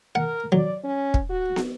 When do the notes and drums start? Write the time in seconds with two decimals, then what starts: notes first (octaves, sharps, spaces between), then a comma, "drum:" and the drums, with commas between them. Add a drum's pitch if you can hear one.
0.15 A#4 F#5
0.52 F#3 D5
0.84 C#4
1.14 drum: kick
1.30 F#4
1.56 drum: snare